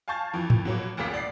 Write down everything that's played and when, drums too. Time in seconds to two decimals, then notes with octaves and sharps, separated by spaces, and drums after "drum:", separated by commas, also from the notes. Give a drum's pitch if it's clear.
0.08 F5 G#5 A5 C#6 G6 A6
0.33 F2 E3
0.50 drum: tom G#2
0.65 B2 F#3 A#3
0.97 A1 D2 C#3 A#3 B6
1.14 D5 C7